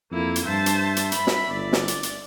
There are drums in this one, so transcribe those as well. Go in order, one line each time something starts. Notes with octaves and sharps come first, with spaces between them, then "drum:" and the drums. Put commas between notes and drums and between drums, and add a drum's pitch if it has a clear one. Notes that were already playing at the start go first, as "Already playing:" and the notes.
F2 A#3 E4
drum: hi-hat
G2 C5 E5 A5
drum: hi-hat
drum: hi-hat
B5, drum: hi-hat
drum: snare
G1 D5
drum: snare
drum: hi-hat
drum: hi-hat